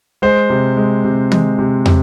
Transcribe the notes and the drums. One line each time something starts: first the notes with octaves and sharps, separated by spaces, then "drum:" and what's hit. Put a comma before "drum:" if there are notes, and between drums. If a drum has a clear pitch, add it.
G#3 C5
C3
G#3
C3
G#3, drum: tom
C3
C3, drum: tom